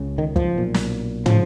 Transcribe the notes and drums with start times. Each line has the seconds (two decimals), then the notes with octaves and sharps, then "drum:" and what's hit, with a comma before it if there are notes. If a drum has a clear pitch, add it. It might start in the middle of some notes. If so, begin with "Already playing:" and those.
Already playing: C#2 C#3
0.18 D#3
0.36 F3, drum: kick
0.55 B1 A#2
0.74 drum: snare
1.26 C#3 F3, drum: tom